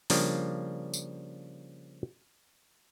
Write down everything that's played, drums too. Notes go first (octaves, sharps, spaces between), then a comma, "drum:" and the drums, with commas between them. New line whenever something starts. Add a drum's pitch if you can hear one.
C#3 F3 G3 A#3 D4, drum: open hi-hat
drum: tambourine